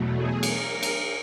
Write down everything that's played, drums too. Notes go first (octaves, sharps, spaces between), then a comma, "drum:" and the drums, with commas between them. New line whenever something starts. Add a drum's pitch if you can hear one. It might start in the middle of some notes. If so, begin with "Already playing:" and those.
Already playing: E2 B2 F#3 A3
G#4
A#4, drum: cymbal
drum: cymbal